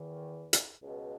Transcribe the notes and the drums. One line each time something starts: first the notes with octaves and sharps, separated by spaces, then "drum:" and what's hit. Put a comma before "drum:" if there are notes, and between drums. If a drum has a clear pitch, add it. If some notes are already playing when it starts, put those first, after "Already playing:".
Already playing: E2 D#3
drum: hi-hat
C#2 B2